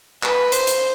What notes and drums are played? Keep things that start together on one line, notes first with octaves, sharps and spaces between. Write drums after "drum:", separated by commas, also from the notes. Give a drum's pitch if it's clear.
B4, drum: clap
C5, drum: hi-hat
drum: hi-hat